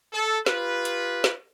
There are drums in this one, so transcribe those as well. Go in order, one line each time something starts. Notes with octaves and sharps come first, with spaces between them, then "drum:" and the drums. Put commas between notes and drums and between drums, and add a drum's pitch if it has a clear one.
A4
F4 G4 B4, drum: snare
drum: hi-hat
drum: snare